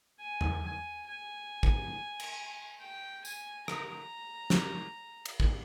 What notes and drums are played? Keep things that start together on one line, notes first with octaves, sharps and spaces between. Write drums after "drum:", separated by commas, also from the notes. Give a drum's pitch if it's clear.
G#5
drum: tom E2
G#5
G#5
drum: kick
drum: cymbal
G5
G#5, drum: tambourine
A#5, drum: rim click
drum: snare
drum: cymbal
drum: kick